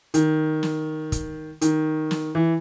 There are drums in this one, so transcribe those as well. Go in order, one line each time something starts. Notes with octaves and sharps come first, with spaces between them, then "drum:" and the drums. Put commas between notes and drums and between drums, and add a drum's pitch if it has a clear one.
D#3, drum: hi-hat
drum: snare
drum: kick, hi-hat
D#3, drum: hi-hat
drum: snare
E3